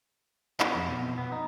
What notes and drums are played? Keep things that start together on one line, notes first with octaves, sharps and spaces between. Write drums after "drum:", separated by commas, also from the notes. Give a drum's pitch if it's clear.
B3, drum: clap
F2
B2
B3
D#4